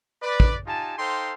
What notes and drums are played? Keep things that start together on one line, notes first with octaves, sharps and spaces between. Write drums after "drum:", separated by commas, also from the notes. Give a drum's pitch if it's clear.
B4 D5
drum: kick
D#4 F4 G4 G#5 A5
D#4 A4 C5 F5 G5 C6